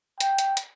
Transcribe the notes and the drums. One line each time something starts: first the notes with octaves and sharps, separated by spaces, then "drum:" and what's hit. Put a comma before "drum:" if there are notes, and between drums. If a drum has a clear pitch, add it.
G5, drum: hi-hat
drum: hi-hat
drum: hi-hat